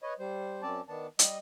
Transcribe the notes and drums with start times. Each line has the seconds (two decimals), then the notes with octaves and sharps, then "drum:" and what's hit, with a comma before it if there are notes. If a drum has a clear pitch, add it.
0.03 B4 C#5 D#5
0.19 G3 C5
0.62 F#2 C4 C#4 D5 A5
0.88 D#3 B3 D4 A5
1.19 G3 D#5, drum: hi-hat